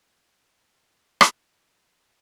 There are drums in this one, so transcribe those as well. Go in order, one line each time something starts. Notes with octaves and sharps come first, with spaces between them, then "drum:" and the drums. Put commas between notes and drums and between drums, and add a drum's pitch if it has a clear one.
F#3 C#4
drum: rim click